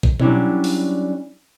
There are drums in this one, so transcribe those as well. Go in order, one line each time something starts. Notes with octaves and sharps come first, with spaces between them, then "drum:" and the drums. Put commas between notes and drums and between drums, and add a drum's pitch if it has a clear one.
drum: kick
F#3 G3 C#4 D4 E4 C#5, drum: tom B2
drum: open hi-hat